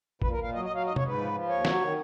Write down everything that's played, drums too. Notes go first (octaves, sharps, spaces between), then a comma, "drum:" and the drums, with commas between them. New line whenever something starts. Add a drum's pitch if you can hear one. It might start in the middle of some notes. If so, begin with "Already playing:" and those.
A#2 B4, drum: kick A1
A#4
A#2
F5
F#3 D#5
D#5
F#3
F5
G#2 D#5
C#5, drum: tom C3
G#2
B4
F3
F3
D#2 C#5
F#3, drum: snare
D#3